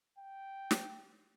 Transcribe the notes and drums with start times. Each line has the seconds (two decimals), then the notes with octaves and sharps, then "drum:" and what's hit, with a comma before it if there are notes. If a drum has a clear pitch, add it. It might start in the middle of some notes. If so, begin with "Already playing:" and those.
0.18 G5
0.71 drum: snare